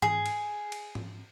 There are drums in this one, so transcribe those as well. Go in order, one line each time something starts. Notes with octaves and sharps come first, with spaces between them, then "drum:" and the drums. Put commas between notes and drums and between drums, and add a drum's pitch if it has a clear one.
G#4, drum: tom G#2
drum: cymbal
drum: cymbal
drum: tom G#2